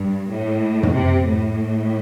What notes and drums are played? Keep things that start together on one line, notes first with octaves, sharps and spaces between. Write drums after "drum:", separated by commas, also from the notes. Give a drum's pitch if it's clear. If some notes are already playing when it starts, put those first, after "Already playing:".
Already playing: G2
A2
drum: tom
C3
A2